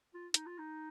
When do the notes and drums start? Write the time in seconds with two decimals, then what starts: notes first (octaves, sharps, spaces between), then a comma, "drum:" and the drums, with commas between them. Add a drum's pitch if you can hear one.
0.14 F4
0.34 D#4, drum: hi-hat
0.46 F4
0.59 D#4